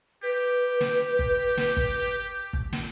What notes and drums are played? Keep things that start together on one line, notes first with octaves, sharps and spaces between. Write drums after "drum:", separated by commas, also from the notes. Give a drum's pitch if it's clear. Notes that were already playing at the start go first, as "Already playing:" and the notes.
G4 B4
drum: snare
drum: kick
drum: snare
drum: kick
drum: kick
drum: snare